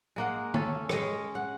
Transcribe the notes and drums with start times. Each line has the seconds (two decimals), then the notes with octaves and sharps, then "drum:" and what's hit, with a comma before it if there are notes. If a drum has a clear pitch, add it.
0.16 G#3 A#3 F#5
0.54 C#4 A4, drum: tom D3
0.89 G#3 C#4, drum: rim click
1.35 F#5